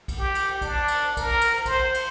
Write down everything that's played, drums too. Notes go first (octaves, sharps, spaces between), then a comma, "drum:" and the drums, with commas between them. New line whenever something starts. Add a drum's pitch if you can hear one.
drum: kick B1, cymbal
G4
drum: cymbal
D4, drum: kick B1, cymbal
drum: cymbal
A#4, drum: kick B1, cymbal
drum: cymbal
C5, drum: kick B1, cymbal
drum: cymbal